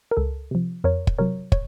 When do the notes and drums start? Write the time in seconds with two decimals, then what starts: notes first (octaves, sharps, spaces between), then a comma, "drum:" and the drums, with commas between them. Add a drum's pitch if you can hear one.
0.11 A#4
0.17 C#2 A4
0.51 C3 F3
0.84 F2 A#4 C#5
1.07 drum: kick
1.19 C3 F#3 A#4 C#5
1.52 C#5, drum: kick